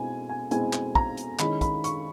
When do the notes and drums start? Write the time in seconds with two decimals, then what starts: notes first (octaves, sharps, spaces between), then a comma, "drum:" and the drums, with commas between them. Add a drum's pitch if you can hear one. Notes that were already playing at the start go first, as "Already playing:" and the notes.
Already playing: B2 G#3 C4 E4 G#5
0.29 G#5
0.51 B2 G#3 C4 E4 G#5, drum: hi-hat
0.73 drum: clap
0.95 A#5, drum: kick
1.17 drum: hi-hat
1.39 D#3 G#3 C#4 E4 B5, drum: clap
1.61 B5, drum: kick, hi-hat
1.84 C#6, drum: hi-hat